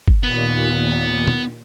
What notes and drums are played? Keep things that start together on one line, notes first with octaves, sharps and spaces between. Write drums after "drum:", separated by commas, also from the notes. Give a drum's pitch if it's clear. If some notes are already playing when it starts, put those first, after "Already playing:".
drum: kick
D#2 A#2 B3
drum: tom